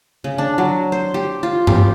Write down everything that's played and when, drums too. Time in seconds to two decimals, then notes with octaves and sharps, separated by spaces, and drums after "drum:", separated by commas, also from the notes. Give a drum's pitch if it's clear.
0.24 C#3
0.38 D4
0.58 F#3
0.92 C5
1.14 G4
1.43 F4
1.67 G4, drum: tom G2